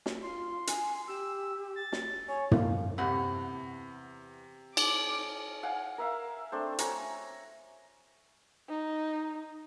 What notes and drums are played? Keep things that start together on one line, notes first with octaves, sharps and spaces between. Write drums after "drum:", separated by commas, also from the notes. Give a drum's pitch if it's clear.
drum: snare
F4 C6
G#5, drum: hi-hat
G4 E6
A6
drum: snare
C#5 G#5
A#3 F5, drum: tom
E2 C3 F#5
D6, drum: cymbal
F5 F#5 G#5
A#4 E5 F5
A3 C4 D4 C5
C#5 G#5 A#5 C#6, drum: hi-hat
D#4